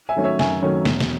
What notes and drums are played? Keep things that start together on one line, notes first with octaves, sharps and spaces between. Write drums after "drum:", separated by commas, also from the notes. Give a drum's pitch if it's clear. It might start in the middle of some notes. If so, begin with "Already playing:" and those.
E5 G#5
D#3 F#3 A3 C#4
C#5 E5
F#2 E5 G#5, drum: snare
D#3 F#3 A3 C#4
E1, drum: snare
drum: snare